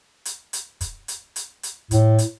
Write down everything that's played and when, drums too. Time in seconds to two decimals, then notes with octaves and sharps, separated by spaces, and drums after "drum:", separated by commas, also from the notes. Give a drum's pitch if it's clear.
0.25 drum: hi-hat
0.53 drum: hi-hat
0.81 drum: kick, hi-hat
1.08 drum: hi-hat
1.36 drum: hi-hat
1.63 drum: hi-hat
1.91 A2, drum: kick, hi-hat
2.18 drum: hi-hat